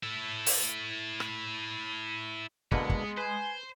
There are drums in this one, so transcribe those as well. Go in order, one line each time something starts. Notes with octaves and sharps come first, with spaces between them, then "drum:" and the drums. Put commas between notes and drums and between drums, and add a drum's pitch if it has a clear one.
E4 A4
drum: open hi-hat
drum: rim click
B2 D3 G#3 A#3 B3, drum: kick
drum: kick
B4 C5 G#5